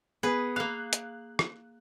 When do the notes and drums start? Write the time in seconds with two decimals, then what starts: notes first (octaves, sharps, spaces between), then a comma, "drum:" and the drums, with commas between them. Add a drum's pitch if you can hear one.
0.23 B3 G#4 B4
0.56 A#3 F5 F#6
0.93 drum: hi-hat
1.39 drum: rim click